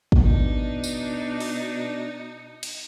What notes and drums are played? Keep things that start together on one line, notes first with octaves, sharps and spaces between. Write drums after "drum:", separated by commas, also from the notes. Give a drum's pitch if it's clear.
drum: kick
B2 D4 D#4
drum: tambourine
drum: open hi-hat
drum: cymbal